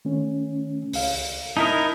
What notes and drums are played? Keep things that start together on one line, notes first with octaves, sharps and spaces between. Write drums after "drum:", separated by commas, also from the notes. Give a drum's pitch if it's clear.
D#3 A3 C#4
C#2 F5, drum: open hi-hat
D#4 E4 A#4 A5 D#6